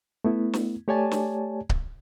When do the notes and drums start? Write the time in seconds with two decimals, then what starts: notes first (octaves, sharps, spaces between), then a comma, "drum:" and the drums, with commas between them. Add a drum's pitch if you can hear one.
0.24 A3 B3 E4
0.53 drum: snare
0.88 A3 G4 C#5 D5 G#5 A5
1.11 drum: snare
1.69 drum: kick C#1